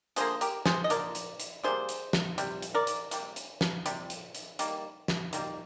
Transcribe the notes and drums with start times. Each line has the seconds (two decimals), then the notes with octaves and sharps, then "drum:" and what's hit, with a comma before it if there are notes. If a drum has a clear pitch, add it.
0.16 D3 F3 A#3 G#4 C5, drum: hi-hat
0.41 G4 A#4, drum: hi-hat
0.66 G#4 C5, drum: snare
0.84 D#5
0.90 D3 F3 A#3 A#4 D5, drum: hi-hat
1.15 drum: hi-hat
1.40 drum: hi-hat
1.63 C3 G3 A#3 G#4 C5
1.89 drum: hi-hat
2.13 drum: snare
2.38 C3 G3, drum: hi-hat
2.62 drum: hi-hat
2.74 A#4 D5
2.87 drum: hi-hat
3.11 C3 G3 A#3, drum: hi-hat
3.36 drum: hi-hat
3.61 drum: snare
3.86 C3 G3, drum: hi-hat
4.10 drum: hi-hat
4.35 drum: hi-hat
4.59 D#3 G3 A#3, drum: hi-hat
5.08 drum: snare
5.33 D#3 G3 A#3, drum: hi-hat